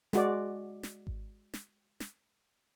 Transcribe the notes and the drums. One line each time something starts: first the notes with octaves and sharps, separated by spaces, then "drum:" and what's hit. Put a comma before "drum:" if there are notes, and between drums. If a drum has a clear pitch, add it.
G#3 F#4 D5, drum: snare
drum: snare
drum: kick G#1
drum: snare
drum: snare